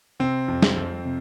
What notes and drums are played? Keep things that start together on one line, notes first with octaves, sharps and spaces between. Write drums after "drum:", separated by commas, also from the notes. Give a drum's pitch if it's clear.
C3 C4
F2
drum: snare
F2
C3